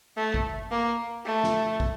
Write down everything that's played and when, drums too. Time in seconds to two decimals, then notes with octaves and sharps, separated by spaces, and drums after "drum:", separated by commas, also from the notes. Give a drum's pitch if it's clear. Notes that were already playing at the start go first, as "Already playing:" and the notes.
0.17 A3
0.34 drum: kick
0.71 A#3
1.25 A3
1.44 drum: snare
1.80 drum: kick